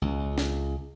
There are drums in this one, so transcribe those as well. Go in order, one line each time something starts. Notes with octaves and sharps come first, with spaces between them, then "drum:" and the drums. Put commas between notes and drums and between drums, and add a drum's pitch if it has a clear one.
C#2
drum: snare